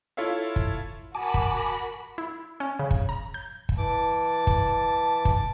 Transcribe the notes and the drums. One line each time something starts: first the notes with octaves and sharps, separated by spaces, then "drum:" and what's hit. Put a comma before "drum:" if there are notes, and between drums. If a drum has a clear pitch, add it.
E4 F4 A4 C#5 E5 F5
drum: kick
F#4 A#4 G#5 A5 B5 D6
drum: kick
E4
C#4
C#3
drum: kick
A#5
G6
drum: kick
E3 A5 D6
drum: kick
drum: kick